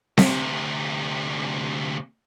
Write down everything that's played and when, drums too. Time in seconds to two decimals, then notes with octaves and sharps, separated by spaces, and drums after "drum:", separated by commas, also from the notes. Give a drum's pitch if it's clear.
0.18 D2 C3, drum: snare C4